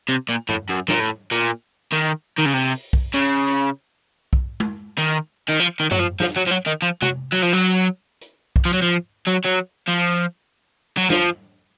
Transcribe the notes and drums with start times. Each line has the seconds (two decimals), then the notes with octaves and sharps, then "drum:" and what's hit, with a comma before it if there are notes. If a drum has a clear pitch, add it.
0.09 C3
0.29 A#2
0.49 A2, drum: tom G2
0.69 F#2
0.89 A#2, drum: snare
1.00 A2
1.31 A#2
1.92 D#3
2.38 D#3
2.45 C#3
2.53 C3, drum: open hi-hat
2.93 drum: kick B1
3.14 C#3
3.48 drum: hi-hat
4.33 drum: kick B1
4.60 drum: tom
4.98 D#3
5.48 D#3
5.60 F3
5.80 D#3
5.91 F#3, drum: tom F#2
6.00 F3
6.20 F3, drum: snare
6.36 F#3
6.47 F3
6.51 F#3
6.66 D#3
6.82 F3
7.02 F#3, drum: tom
7.33 F#3
7.43 F3, drum: hi-hat
7.53 F#3
8.21 drum: hi-hat
8.56 drum: kick B1
8.65 F3
8.73 F#3
8.82 F3
9.27 F#3
9.44 F#3, drum: hi-hat
9.88 F3
10.97 F#3
11.10 F3, drum: snare